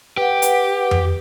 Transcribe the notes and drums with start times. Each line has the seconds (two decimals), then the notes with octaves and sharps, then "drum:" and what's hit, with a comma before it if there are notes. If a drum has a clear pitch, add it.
0.17 G4 B4 F#5
0.42 drum: hi-hat
0.91 drum: tom F2